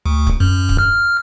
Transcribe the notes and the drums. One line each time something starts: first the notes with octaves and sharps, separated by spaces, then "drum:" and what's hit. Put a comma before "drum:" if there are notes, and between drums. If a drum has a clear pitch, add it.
D2
drum: kick
F#2
drum: kick
F6